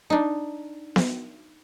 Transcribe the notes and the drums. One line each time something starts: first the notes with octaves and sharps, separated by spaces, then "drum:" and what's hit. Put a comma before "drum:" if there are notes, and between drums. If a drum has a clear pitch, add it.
D4 D#4
drum: snare B3